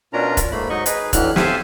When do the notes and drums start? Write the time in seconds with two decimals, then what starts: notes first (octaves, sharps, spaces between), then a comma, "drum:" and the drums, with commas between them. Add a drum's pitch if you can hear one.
0.13 B2 C#4 D4 F4 A#4 A#5
0.37 drum: kick, hi-hat
0.52 G#2 A3 A#3 B5
0.70 G#2 F#3 D#4 D#5 C#6
0.86 D#4 G#4 B4, drum: hi-hat
1.13 A2 D3 E3 F#3 F6 F#6, drum: kick, hi-hat
1.36 G4 A4 C5 E5 F5 G#5, drum: snare